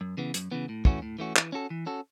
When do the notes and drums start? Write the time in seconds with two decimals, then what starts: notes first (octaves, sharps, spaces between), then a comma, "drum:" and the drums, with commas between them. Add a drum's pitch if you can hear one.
0.01 F#2
0.17 C#3 E3 B3
0.34 F#2, drum: hi-hat
0.51 C#3 E3 B3
0.69 A2
0.85 E3 A3 C#4 F#4, drum: kick
1.02 A2
1.19 E3 A3 C#4 F#4
1.36 E3, drum: clap
1.52 C#4 F#4 A4
1.70 E3
1.86 C#4 F#4 A4